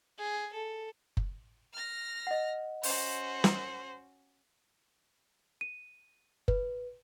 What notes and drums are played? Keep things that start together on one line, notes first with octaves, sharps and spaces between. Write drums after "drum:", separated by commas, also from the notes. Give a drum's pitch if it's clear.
G#4
A4
drum: kick F#1
F6 A#6
D#5 F#5
C#4 F#4 C5, drum: open hi-hat
drum: snare
D#7
B4, drum: kick F#1